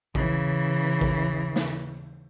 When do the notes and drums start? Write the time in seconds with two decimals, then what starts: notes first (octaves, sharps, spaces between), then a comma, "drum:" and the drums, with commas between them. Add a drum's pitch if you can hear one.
0.15 C#3 E3, drum: kick A1
1.01 drum: kick A1
1.56 drum: snare